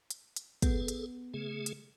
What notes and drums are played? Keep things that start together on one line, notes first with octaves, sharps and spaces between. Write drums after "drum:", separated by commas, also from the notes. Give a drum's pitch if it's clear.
drum: hi-hat
drum: hi-hat
B3 G#4 A4, drum: kick, hi-hat
drum: hi-hat
C#3 A3 G#4
drum: hi-hat